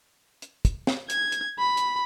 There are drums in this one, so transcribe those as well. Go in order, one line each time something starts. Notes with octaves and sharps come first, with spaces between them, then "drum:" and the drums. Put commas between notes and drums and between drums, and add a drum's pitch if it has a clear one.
drum: hi-hat
drum: kick, hi-hat
drum: snare
G#6, drum: hi-hat
drum: hi-hat
B5
drum: hi-hat